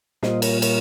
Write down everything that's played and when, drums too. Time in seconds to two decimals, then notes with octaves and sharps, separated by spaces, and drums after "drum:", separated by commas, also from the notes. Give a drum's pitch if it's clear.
0.23 A#2 G3 A#3 F4 C5 D#5, drum: snare
0.42 A#4 C#5, drum: cymbal
0.62 A#4 C#5, drum: cymbal